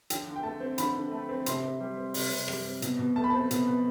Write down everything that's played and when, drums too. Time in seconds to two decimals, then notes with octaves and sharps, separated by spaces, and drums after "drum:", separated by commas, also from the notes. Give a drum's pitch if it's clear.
0.10 D3 G5, drum: hi-hat
0.27 D3
0.36 G5
0.43 A3 A5
0.60 C4
0.78 D3 B5, drum: hi-hat
0.95 D3
1.11 A3
1.29 C4
1.46 C3 C6, drum: hi-hat
1.63 C3
1.80 G3
1.97 C4
2.14 C3, drum: open hi-hat
2.31 C3
2.48 G3, drum: rim click
2.66 C4
2.82 B2, drum: hi-hat
2.99 B2
3.16 A3 A5
3.24 B5
3.30 C4 A5
3.51 B2, drum: hi-hat
3.67 B2